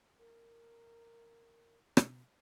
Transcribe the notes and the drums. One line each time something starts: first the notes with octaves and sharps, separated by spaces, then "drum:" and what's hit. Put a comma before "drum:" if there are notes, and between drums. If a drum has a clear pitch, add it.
A#4
drum: rim click